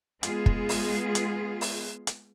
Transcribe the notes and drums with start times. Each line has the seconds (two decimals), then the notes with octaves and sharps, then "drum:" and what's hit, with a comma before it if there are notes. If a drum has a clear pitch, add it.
0.23 G#3 B3 F4 G#4, drum: hi-hat
0.46 drum: kick
0.69 drum: open hi-hat
1.15 drum: hi-hat
1.61 drum: open hi-hat
2.07 drum: hi-hat